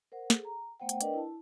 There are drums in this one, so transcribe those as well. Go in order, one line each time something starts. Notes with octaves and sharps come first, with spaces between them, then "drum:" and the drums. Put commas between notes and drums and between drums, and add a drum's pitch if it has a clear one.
A#4 C5 F#5
G#4 A4, drum: snare
A#5
A3 B3 C5 F#5 G5
drum: hi-hat
D4 A#4 B4 D5 D#5 G5, drum: hi-hat
E4 A5